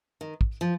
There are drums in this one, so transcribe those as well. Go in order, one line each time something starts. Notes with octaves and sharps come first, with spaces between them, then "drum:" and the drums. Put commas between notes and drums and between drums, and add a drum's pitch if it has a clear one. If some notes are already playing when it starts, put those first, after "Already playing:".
D#3
drum: kick
F3